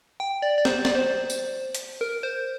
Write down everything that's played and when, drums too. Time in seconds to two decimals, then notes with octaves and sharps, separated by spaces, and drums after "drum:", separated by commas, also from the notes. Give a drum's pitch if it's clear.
0.20 G5
0.42 D5
0.58 D5
0.65 C5, drum: snare
0.85 D5, drum: snare
0.95 C5
1.30 drum: tambourine
1.75 drum: hi-hat
2.01 A#4
2.23 C5